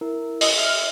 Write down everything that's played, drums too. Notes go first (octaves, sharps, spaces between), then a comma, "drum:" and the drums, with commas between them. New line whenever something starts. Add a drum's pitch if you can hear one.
E4 A#4
D#5, drum: open hi-hat
E5 F6